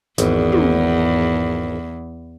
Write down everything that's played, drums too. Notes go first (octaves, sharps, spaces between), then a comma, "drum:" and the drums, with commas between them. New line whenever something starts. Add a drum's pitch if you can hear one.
G#1 E2, drum: hi-hat
drum: tom